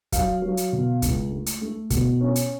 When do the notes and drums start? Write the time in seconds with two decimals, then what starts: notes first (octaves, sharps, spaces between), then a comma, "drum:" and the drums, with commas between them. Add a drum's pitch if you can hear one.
0.12 F#3 F5, drum: kick, hi-hat
0.42 F#3
0.57 drum: hi-hat
0.72 B2
1.02 C#2, drum: kick, hi-hat
1.31 A3
1.46 drum: hi-hat
1.61 A3
1.90 B2, drum: kick, hi-hat
2.21 C#4
2.36 drum: hi-hat